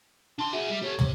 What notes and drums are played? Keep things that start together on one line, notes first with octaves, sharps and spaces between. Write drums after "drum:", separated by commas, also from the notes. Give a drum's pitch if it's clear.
D4 A5 C6
F#4 G#4 E5
G3
G4 A4 C#5
C3, drum: tom